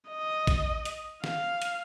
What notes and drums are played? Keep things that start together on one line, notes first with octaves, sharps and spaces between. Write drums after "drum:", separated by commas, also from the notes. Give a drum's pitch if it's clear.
D#5
drum: kick A1, hi-hat
drum: hi-hat
F5, drum: snare
drum: hi-hat